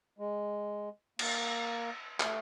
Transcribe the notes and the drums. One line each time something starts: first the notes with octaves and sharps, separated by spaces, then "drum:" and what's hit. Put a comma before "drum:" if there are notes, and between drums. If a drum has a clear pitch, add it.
G#3
A#3, drum: cymbal
A3, drum: clap